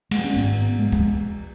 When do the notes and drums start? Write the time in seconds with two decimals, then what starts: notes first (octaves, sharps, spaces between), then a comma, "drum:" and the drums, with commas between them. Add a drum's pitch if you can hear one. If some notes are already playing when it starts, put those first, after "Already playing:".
0.11 G#3, drum: cymbal
0.24 C#4
0.34 G#1 G#2 B3
0.79 G#3
0.92 drum: kick